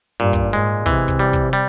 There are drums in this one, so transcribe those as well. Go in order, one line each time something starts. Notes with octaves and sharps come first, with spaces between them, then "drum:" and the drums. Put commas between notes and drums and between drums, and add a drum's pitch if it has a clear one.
G2 A#2
drum: kick
G#2 G#3
C3 E3, drum: kick
drum: kick
G3
drum: kick
G3